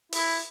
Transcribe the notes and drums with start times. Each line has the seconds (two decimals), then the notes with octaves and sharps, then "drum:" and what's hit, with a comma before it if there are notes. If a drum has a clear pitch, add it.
0.13 E4, drum: open hi-hat